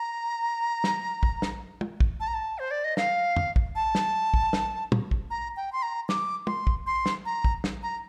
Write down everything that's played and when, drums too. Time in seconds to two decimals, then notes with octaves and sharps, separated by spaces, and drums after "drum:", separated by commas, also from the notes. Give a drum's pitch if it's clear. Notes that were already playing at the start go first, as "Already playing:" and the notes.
Already playing: A#5
0.84 drum: snare
1.23 drum: kick
1.42 drum: snare
1.81 drum: tom
2.00 drum: kick
2.20 A5
2.28 A#5
2.34 A5
2.59 C5
2.71 D5
2.84 D#5
2.97 F5, drum: snare
3.36 drum: tom
3.56 drum: kick
3.76 A5
3.95 drum: snare
4.34 drum: kick
4.53 drum: snare
4.92 drum: tom
5.11 drum: kick
5.30 A#5
5.57 G5
5.73 C6
5.82 A#5
6.09 D6, drum: snare
6.47 C6, drum: tom
6.67 drum: kick
6.87 C6
7.06 drum: snare
7.25 A#5
7.44 drum: kick
7.64 drum: snare
7.83 A#5